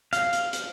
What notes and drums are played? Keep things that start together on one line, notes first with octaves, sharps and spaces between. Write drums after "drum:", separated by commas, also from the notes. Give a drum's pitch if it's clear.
F5, drum: hi-hat
drum: hi-hat
drum: hi-hat